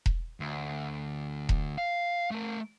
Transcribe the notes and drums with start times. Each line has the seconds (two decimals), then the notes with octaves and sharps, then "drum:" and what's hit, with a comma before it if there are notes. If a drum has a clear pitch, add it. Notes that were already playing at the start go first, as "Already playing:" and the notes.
0.06 drum: kick E1
0.40 D2
1.49 drum: kick E1
1.78 F5
2.31 A3 A#4